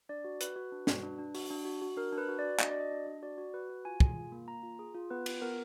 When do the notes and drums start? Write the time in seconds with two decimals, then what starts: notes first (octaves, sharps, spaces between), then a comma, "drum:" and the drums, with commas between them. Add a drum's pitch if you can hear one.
0.09 D4 D5
0.24 F#4
0.41 F#4 B4, drum: hi-hat
0.56 F#4
0.72 D4
0.87 F#4, drum: snare
1.03 D4
1.19 D4
1.35 F#4, drum: open hi-hat
1.50 D4
1.65 F#4
1.82 F#4
1.96 D4 A#4
2.12 D4
2.18 B4
2.28 F#4
2.39 D5
2.44 F#4
2.60 D4 D#5, drum: clap
2.70 D5
2.75 F#4
2.81 D#5
2.91 D4
3.07 D4
3.22 F#4 D5
3.38 F#4
3.54 F#4 B4
3.70 F#4
3.85 F4 G#5
4.00 G#4, drum: kick
4.17 F4
4.32 A#3
4.48 A#3 A#5
4.63 F4
4.79 G#4
4.95 F4
5.10 B3 B4
5.26 F4, drum: cymbal
5.42 B3 A#4